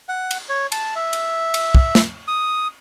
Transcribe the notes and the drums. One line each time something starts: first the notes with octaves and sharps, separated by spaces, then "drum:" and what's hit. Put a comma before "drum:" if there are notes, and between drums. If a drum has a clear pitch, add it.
F#5
drum: cymbal
C#5
A5, drum: cymbal
E5
drum: cymbal
drum: cymbal
drum: kick
drum: snare
D#6